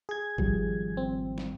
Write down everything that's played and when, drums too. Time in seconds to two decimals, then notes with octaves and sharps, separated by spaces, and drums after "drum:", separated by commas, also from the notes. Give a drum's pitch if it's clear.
0.09 G#4 G#6
0.38 G#1 F3 G3, drum: kick
0.97 C4
1.38 drum: snare